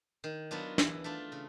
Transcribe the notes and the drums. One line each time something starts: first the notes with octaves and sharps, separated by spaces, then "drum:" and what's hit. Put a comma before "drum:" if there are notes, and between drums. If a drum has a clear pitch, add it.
D#3
F#3 B3 D4 F4
E3, drum: snare
A3 D4 F4
C#3